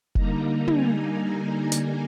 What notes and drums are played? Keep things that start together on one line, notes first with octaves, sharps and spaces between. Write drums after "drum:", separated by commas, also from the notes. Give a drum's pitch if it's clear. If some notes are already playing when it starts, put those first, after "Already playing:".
D3 G3 A#3 D#4 A#5, drum: kick F1
G#5, drum: tom
A#5
G#5, drum: hi-hat